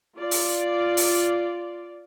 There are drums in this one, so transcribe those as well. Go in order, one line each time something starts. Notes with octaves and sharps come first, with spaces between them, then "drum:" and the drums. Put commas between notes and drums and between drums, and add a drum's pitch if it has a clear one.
F4 D5
drum: open hi-hat
drum: open hi-hat